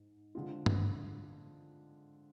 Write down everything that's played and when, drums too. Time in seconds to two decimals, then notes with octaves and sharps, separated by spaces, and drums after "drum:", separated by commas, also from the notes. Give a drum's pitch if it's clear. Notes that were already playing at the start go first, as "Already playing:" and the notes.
Already playing: G#2
0.35 D3 G#3 C4 F4
0.66 drum: tom G2